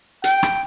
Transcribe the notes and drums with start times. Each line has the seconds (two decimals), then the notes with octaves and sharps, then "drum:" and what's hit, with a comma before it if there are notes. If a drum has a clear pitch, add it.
0.24 G5, drum: hi-hat
0.43 drum: rim click